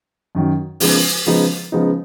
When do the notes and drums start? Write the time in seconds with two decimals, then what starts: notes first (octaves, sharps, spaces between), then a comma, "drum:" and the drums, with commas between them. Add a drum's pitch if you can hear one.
0.35 F#2 D#3 F#3
0.80 C#3 F3 G#3 B3 D#4, drum: open hi-hat
1.26 C#3 F3 G#3 B3 D#4
1.72 C#3 F3 G#3 B3 D#4